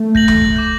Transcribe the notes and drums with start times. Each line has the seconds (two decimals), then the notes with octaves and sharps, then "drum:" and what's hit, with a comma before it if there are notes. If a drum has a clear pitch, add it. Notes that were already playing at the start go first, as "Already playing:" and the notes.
Already playing: A3
0.15 G6 A#6 F#7, drum: kick
0.28 drum: tom D2
0.41 drum: kick
0.55 D6 G6 A#6